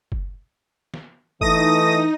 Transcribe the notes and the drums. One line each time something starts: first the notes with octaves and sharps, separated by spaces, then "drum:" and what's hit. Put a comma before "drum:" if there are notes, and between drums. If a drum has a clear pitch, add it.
drum: kick F#1
drum: snare
E3 A3 D#4 D#6 A#6, drum: kick F#1